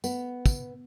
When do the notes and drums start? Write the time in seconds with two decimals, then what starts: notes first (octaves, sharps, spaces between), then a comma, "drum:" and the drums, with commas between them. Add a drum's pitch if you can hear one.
0.04 B3, drum: tambourine
0.46 drum: kick, tambourine